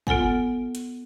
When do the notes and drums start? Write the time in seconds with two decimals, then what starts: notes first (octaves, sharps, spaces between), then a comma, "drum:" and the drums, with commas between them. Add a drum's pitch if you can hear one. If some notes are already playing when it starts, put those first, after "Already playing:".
0.07 B3 F4 A4 F#5 G#5, drum: kick
0.75 drum: hi-hat